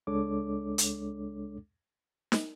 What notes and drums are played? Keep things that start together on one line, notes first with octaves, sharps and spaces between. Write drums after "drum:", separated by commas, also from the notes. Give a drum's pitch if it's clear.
C#2 G#3 D4 A4 C#5 D6
drum: hi-hat
drum: snare